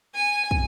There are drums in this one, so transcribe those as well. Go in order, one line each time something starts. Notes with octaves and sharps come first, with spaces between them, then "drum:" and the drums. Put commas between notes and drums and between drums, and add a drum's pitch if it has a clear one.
G#5
drum: kick